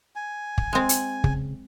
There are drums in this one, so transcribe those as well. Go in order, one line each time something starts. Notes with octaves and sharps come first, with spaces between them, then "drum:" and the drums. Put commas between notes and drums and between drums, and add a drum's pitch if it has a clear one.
G#5
drum: kick
G#3 C4
drum: hi-hat
C#3, drum: kick